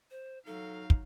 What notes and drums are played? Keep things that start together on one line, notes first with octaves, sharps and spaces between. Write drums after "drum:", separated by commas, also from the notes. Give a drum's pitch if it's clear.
C5
F#3 D#4 A4 F5
drum: kick